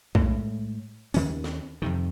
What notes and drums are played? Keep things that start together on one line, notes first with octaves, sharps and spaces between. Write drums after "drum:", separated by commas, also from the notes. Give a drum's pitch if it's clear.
A2 G#3, drum: kick
D#2 D#3 C#4, drum: open hi-hat
drum: snare
F2 C3 D#3